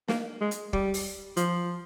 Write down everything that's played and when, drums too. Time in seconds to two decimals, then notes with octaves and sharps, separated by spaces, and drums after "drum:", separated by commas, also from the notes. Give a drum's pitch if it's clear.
0.08 A#3, drum: snare
0.41 G#3
0.51 drum: hi-hat
0.73 G3, drum: kick
0.94 drum: open hi-hat
1.37 F3, drum: hi-hat